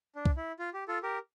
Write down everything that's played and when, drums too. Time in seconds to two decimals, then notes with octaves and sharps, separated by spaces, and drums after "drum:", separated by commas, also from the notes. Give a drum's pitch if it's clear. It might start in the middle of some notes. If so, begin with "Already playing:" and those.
0.16 D4
0.25 drum: kick
0.37 E4
0.59 F4
0.73 G4
0.88 F4 A4
1.03 G4 A#4